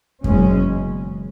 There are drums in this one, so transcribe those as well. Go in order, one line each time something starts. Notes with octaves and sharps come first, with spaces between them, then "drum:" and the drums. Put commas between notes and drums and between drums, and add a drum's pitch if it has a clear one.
F#1 E2 B2 G#3 C#4, drum: kick F2